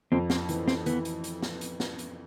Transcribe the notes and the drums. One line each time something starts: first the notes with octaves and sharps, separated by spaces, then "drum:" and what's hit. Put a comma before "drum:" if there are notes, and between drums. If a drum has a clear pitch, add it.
F2 C4
C4, drum: snare
E3, drum: hi-hat
C4, drum: snare
E3 B3, drum: hi-hat
drum: hi-hat
drum: hi-hat
drum: snare
drum: hi-hat
drum: snare
drum: hi-hat